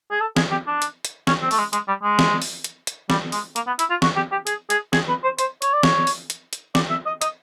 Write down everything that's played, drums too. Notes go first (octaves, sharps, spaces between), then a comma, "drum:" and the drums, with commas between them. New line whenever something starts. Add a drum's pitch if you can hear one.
G#4
A4
G#4, drum: snare
G4
D4
drum: hi-hat
drum: hi-hat
C#4, drum: snare
C4
A3, drum: open hi-hat
G#3
G#3, drum: hi-hat
G3
G#3
drum: snare
drum: open hi-hat
drum: hi-hat
drum: hi-hat
G3, drum: snare
G#3, drum: open hi-hat
A#3, drum: hi-hat
B3
E4, drum: hi-hat
F4
F#4, drum: snare
G4
G4
G#4, drum: hi-hat
G#4, drum: hi-hat
G#4, drum: snare
B4
C5
C5, drum: hi-hat
C#5, drum: hi-hat
D5
C#5, drum: snare
drum: open hi-hat
drum: hi-hat
drum: hi-hat
D5, drum: snare
E5
D#5
D#5, drum: hi-hat